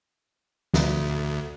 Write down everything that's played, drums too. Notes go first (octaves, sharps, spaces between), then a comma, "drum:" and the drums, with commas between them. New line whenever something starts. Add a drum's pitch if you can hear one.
D2, drum: snare